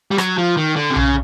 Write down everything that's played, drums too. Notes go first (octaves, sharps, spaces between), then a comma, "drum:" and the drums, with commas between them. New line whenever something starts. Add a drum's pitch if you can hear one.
G3
F#3, drum: rim click
F3
D#3
D3
C3
C#3, drum: tom B1